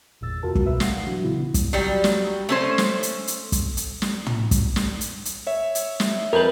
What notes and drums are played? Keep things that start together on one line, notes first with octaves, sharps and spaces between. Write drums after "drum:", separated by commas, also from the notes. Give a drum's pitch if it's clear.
G1 E2 A#2 E6 A6
F2 C3 F4 F#4 A#4 A5
drum: kick
A#1 B2 B3 B4 E5 E6
F5 F#5 A#6 C7, drum: snare
E3 F#3 D4 F#4
A#2 C#3 E3 B3 E4
drum: kick, hi-hat
F#3 G3
drum: snare
A3 C#4 C5
drum: snare
drum: hi-hat
drum: hi-hat
drum: kick, hi-hat
drum: hi-hat
drum: snare
drum: tom
drum: kick, hi-hat
drum: snare
drum: hi-hat
drum: hi-hat
C#5 E5
drum: hi-hat
drum: snare
F2 A#4 B4 G6